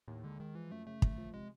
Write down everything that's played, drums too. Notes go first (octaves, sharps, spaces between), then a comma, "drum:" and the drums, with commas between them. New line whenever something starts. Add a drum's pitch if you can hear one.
D#2 A2
D3 G#3
D#3 G#3
E3 F3
F#2 A3
C#3 A3
F#2, drum: kick
F3
C3 G#3